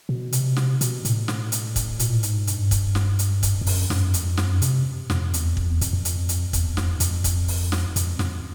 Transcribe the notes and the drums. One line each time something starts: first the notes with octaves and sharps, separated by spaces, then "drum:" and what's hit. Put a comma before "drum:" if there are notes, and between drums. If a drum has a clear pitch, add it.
B2
C3, drum: hi-hat
drum: snare
B2, drum: hi-hat
A2, drum: hi-hat
drum: snare
drum: hi-hat
drum: kick, hi-hat
B2, drum: hi-hat
A#2
A2
G#2, drum: hi-hat
G2, drum: hi-hat
drum: kick, hi-hat
drum: snare
drum: hi-hat
drum: kick, hi-hat
F2
F#2, drum: open hi-hat
F#2, drum: snare
F2, drum: hi-hat
F#2, drum: snare
C3, drum: hi-hat
F2, drum: snare
E2, drum: hi-hat
F2, drum: kick
E2
F2, drum: hi-hat
F2
drum: hi-hat
drum: hi-hat
E2, drum: kick, hi-hat
F2, drum: snare
F2, drum: hi-hat
drum: kick, hi-hat
drum: open hi-hat
drum: snare
F2, drum: hi-hat
F2, drum: snare